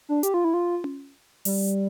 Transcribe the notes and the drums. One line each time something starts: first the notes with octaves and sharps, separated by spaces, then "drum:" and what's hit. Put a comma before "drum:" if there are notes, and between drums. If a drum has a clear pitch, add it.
D4
G4, drum: hi-hat
F4
E4
F4
drum: tom C#4
G3, drum: open hi-hat